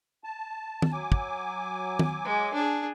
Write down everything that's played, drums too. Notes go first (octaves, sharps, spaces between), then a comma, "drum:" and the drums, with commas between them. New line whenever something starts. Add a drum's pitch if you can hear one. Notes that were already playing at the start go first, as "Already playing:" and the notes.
A5
drum: tom D#3
F#3 G#5 D6
drum: kick
drum: tom D#3
G#3
D4 G#4